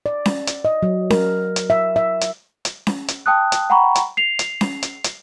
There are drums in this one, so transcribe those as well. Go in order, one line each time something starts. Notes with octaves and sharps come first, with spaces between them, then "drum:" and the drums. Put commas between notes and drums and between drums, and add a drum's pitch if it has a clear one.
D5
drum: snare C#4
drum: hi-hat
D#5
F#3
A#4, drum: snare C#4
drum: hi-hat
E5
E5
drum: hi-hat
drum: hi-hat
drum: snare C#4
drum: hi-hat
G5 A5 D#6 F#6
drum: hi-hat
F#5 G5 A#5 B5 C#6
drum: hi-hat
C7 F7
drum: hi-hat
drum: snare C#4
drum: hi-hat
drum: hi-hat